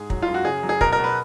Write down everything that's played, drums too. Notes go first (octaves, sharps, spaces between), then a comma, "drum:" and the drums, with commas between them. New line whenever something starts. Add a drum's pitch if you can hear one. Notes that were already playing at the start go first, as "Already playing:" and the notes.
Already playing: G#2 G#4
F#3, drum: kick
F4
F#2
F#4
C#3 G#4
F#3
G#4
B2 A#4, drum: kick
A#4
B2
B4